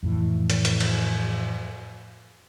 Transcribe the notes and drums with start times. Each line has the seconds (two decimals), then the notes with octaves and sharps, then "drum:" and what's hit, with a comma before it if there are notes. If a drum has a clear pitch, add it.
0.03 F2 A2 E3
0.50 drum: hi-hat
0.65 drum: hi-hat
0.80 drum: cymbal